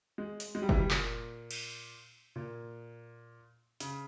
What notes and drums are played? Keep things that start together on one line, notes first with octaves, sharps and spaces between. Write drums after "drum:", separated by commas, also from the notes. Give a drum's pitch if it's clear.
G#3
drum: hi-hat
G#3
G3
E3, drum: kick F#1
G3
A#2, drum: clap
drum: cymbal
A#2
C#3, drum: hi-hat